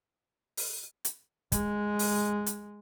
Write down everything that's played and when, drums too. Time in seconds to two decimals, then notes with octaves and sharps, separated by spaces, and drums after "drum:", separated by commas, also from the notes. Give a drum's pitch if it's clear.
0.57 drum: open hi-hat
1.05 drum: hi-hat
1.52 G#3, drum: kick, hi-hat
1.99 drum: open hi-hat
2.46 drum: hi-hat